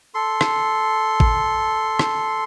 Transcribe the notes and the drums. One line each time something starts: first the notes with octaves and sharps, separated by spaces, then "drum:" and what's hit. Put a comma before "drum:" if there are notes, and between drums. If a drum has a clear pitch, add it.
A4 C6
drum: rim click
drum: kick
drum: rim click